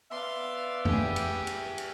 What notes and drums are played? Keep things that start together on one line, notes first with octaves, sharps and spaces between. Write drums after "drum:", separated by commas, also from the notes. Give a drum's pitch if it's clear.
B3 D5 E5 F5 C6
G4 G#4, drum: tom F2
drum: cymbal
drum: cymbal
drum: cymbal